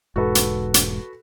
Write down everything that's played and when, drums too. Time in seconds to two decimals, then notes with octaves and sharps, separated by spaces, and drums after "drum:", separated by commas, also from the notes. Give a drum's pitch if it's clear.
0.16 E1 G#2 F#4 A4 B4
0.35 drum: hi-hat
0.74 drum: hi-hat